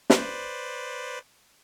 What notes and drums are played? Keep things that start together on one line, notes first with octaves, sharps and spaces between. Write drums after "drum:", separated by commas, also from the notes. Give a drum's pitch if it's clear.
B4 C5 D5, drum: snare